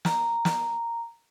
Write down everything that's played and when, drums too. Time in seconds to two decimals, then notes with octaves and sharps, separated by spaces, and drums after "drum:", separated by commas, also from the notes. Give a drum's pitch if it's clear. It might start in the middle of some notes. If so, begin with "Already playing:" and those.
0.05 A#5, drum: snare
0.45 drum: snare